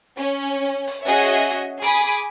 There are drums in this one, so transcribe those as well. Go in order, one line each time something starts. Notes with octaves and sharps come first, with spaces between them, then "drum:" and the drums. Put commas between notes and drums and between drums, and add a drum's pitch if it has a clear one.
C#4
drum: open hi-hat
C#4 F#4 G#4 C#5 D#5 E5
drum: open hi-hat
drum: hi-hat
G#4 G#5 B5 D6 D#6, drum: hi-hat